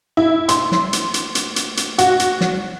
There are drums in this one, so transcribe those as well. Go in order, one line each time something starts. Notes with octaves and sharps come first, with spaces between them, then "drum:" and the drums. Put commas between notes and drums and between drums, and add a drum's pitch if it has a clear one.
E4
C6, drum: hi-hat
drum: snare
drum: hi-hat
drum: hi-hat
drum: hi-hat
drum: hi-hat
drum: hi-hat
F#4, drum: hi-hat
drum: hi-hat
drum: snare